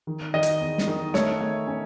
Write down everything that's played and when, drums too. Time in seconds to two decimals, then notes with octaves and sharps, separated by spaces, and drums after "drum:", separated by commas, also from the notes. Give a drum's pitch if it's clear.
0.07 D#3
0.34 D#3 D#5
0.43 drum: hi-hat
0.61 E2
0.78 drum: snare
0.87 D#3
1.14 A3 C#5, drum: snare
1.41 A3
1.67 C#4